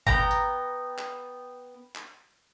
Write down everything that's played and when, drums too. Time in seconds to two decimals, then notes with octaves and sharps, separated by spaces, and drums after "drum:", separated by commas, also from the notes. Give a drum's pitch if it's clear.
0.07 B3 G5 A#5, drum: kick G#1
0.31 drum: tambourine
0.98 drum: clap
1.95 drum: clap